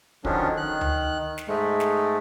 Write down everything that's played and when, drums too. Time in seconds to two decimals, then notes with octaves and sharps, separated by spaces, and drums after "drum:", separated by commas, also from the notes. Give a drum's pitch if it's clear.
0.25 D3 D#3 F3 F#3 C#4 D4, drum: kick
0.57 D#3 F#6
0.81 drum: tom D2
1.38 drum: snare
1.48 G#2 G#3 A3
1.80 drum: snare